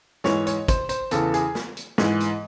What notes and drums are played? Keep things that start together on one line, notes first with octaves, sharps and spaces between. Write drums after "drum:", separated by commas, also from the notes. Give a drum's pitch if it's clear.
G#2 E3 C#5, drum: snare
C#5, drum: hi-hat
C5, drum: kick, hi-hat
C5, drum: hi-hat
E2 C#3 E3 A4, drum: hi-hat
G#4, drum: hi-hat
drum: snare
drum: hi-hat
G#2 E3, drum: snare
drum: hi-hat